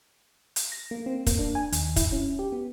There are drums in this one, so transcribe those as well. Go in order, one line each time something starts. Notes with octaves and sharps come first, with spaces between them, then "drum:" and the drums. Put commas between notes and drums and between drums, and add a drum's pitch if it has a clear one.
drum: hi-hat
A#6
A#3
C4
A#3, drum: kick, hi-hat
D4
G#5
D#2, drum: hi-hat
E4, drum: kick, hi-hat
C#4
G4
B3